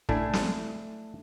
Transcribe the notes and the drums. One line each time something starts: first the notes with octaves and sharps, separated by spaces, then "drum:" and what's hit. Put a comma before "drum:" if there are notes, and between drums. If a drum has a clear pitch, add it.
A3 D4 E4 G#5, drum: kick
drum: snare